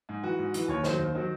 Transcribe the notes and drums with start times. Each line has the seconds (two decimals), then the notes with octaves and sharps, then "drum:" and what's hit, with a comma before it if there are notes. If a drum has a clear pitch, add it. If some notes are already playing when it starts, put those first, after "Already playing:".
0.09 G#2
0.23 E3 F#4
0.39 G#2
0.54 E3, drum: hi-hat
0.68 D#2 C#5
0.83 D#3 F#3 C5, drum: snare
0.98 D#2
1.15 D#3 F#3